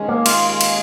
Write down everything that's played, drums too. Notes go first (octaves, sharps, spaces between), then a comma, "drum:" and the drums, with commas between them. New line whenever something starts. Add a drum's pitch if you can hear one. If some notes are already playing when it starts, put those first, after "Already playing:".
Already playing: D#2 D#3 G#3 C#4
A#3
F4, drum: cymbal
F4
drum: cymbal